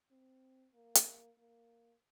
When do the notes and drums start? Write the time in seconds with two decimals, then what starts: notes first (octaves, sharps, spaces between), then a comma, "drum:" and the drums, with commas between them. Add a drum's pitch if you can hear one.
0.11 C4
0.74 A#3
0.95 drum: hi-hat
1.38 A#3